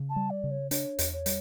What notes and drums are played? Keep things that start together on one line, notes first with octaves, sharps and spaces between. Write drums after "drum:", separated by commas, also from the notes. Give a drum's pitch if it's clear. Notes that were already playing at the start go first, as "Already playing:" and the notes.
Already playing: C#3
A5
G3
D5
C#3
C#5
D4 C#5, drum: hi-hat
E2, drum: hi-hat
C#5
G3, drum: hi-hat